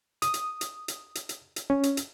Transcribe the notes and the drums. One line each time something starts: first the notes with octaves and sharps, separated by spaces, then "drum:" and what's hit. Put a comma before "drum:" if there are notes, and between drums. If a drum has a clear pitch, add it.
D#6, drum: hi-hat
drum: hi-hat
drum: hi-hat
drum: hi-hat
drum: hi-hat
drum: hi-hat
drum: hi-hat
C#4
drum: hi-hat
drum: hi-hat